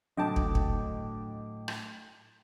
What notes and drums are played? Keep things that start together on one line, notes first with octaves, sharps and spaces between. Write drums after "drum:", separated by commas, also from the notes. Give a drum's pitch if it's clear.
A2 D3 F#3 D#5 G5 A5 D6
drum: kick
drum: kick
drum: rim click